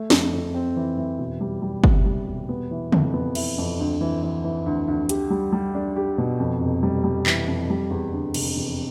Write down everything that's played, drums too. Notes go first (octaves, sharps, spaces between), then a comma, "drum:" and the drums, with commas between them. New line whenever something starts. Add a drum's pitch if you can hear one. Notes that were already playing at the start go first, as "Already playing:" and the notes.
Already playing: A3
F2, drum: snare
F2
C4
E3
E3
E1
G3
G3
C3, drum: kick
G3
E1
B3
E3
F2, drum: tom C#3
B3
E4, drum: cymbal
F2
D2
E3
E3
E3
D2
D2
G4, drum: hi-hat
G3
G3
D4
G4
B2
F2
F1
G3
G3
E3, drum: clap
F2
G3
E2
D3
F1, drum: cymbal
E2